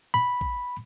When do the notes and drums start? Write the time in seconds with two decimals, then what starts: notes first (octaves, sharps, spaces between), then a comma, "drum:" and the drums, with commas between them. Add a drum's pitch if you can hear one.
0.14 B5
0.41 drum: kick